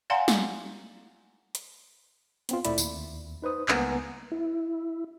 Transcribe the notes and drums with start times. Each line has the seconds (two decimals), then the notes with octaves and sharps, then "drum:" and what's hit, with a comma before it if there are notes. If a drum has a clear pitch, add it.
0.10 D5 F5 F#5 G#5 A#5 C6
0.28 drum: snare
1.55 drum: hi-hat
2.49 B3 C4 F4, drum: hi-hat
2.65 D2 A#2 A3 E4 D5 B5, drum: hi-hat
2.78 D#2, drum: tambourine
3.42 D#4 B4 C5 D#6
3.68 C#2 G3 A#3 B3 G#5 A#5, drum: clap
4.32 E4